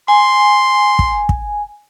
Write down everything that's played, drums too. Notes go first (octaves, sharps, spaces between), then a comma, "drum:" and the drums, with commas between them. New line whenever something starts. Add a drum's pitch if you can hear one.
G#5 C6
drum: kick
drum: kick